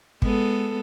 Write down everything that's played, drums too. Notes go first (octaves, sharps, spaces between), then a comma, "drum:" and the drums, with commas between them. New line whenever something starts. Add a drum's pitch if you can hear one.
G#3 B3 A4, drum: kick G#1